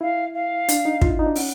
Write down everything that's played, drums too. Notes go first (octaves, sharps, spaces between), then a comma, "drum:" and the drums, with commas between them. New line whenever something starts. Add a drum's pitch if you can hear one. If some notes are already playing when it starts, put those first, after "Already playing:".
E4 F5
F5
D4, drum: hi-hat
D#4
F4, drum: kick
E4
D#4
D4
C#4 F#5, drum: open hi-hat